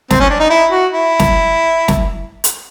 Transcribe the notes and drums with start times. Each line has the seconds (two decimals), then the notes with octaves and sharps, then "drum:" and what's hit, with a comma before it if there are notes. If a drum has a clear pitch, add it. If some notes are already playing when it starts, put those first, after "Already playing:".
0.11 C4, drum: snare
0.20 C#4
0.30 D4
0.40 D#4
0.50 E4
0.71 F#4
0.92 E4
1.19 drum: snare
1.88 drum: snare
2.44 drum: hi-hat